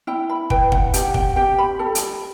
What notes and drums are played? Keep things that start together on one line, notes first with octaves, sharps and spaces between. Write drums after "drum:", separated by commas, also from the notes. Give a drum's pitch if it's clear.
E4 G5
B5
B4 G5, drum: kick
F#5, drum: kick
G4 F#5, drum: hi-hat
G5, drum: kick
G4 G5
B5
A4
drum: hi-hat